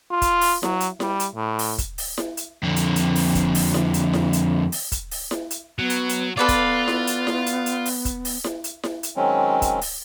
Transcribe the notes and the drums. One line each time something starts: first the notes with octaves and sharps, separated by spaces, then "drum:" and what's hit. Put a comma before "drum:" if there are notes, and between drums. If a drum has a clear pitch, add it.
F4
drum: kick, hi-hat
drum: open hi-hat
F#3, drum: snare E4
drum: hi-hat
G3, drum: snare E4
drum: hi-hat
A2
drum: open hi-hat
drum: kick, hi-hat
drum: open hi-hat
drum: snare E4
drum: hi-hat
F2 D3
drum: hi-hat
drum: hi-hat
drum: open hi-hat
drum: kick, hi-hat
drum: open hi-hat
drum: snare E4
drum: hi-hat
drum: snare E4
drum: hi-hat
drum: open hi-hat
drum: kick, hi-hat
drum: open hi-hat
drum: snare E4
drum: hi-hat
F#3 B3
drum: hi-hat
drum: hi-hat
B3 F4 A4 B4 D5
drum: kick, hi-hat
drum: snare E4
drum: hi-hat
drum: snare E4
drum: hi-hat
drum: hi-hat
drum: open hi-hat
drum: kick, hi-hat
drum: open hi-hat
drum: snare E4
drum: hi-hat
drum: snare E4
drum: hi-hat
D#3 F#3 G#3 C4 C#4
drum: kick, hi-hat
drum: open hi-hat